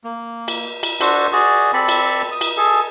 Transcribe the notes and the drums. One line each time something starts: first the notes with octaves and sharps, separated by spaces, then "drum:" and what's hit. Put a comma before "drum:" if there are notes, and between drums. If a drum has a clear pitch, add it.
A#3
drum: cymbal
drum: cymbal
D4 F#4 A4 C5, drum: cymbal
F#4 G#4 D5
C4 A4 D5 B5
drum: cymbal
D#6
drum: cymbal
G#4 A4